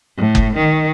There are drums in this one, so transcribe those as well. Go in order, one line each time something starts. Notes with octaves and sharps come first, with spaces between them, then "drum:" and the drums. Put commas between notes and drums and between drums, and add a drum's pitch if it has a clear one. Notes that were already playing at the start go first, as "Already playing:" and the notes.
A2
drum: kick F#1
D#3